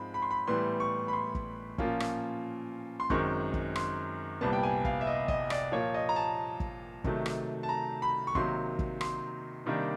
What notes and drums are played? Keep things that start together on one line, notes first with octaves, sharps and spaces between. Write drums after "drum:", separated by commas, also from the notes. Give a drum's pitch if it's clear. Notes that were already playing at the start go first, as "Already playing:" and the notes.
Already playing: G#2 F3 G#3 C4 B5
B5
C6
B5
A2 E3 G3 B3 C6
C#6
B5
C6
drum: kick
A#2 F3 A#3 C#4, drum: kick
drum: rim click
C6
F#2 D#3 G#3 C4 C#6, drum: kick
drum: kick
C6, drum: rim click
C2 A#2 G3 B3 A5
G5
G#5
F5, drum: kick
E5
D#5
D#5, drum: kick
D5, drum: rim click
A#2 F3 A#3 C#5
D#5
A#5
A5
drum: kick
C3 D#3 F#3 A3, drum: kick
drum: rim click
A5
A#5
B5
C#6
C3 D#3 F#3 A#3 C6, drum: kick
drum: kick
C6, drum: rim click
C3 D#3 G3 A#3 D4